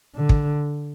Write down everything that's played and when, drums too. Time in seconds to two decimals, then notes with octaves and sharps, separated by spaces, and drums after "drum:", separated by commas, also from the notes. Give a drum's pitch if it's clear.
0.15 D3
0.29 drum: kick